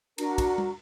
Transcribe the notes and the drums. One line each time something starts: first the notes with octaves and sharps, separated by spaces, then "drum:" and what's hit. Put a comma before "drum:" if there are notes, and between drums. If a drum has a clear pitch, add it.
D4 F#4 A#4 A#5, drum: cymbal
drum: kick, cymbal
drum: tom G3